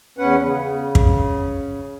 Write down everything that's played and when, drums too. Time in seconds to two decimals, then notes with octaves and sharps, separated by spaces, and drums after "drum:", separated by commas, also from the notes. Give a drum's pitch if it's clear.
0.18 E2 C#4 B4 F#5
0.42 C#3
0.95 drum: kick